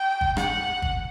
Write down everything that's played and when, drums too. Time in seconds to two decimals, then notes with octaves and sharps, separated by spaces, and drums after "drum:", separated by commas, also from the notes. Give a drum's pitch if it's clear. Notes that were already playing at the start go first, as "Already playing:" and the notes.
Already playing: G5
0.21 drum: kick
0.37 F#5, drum: rim click
0.82 drum: kick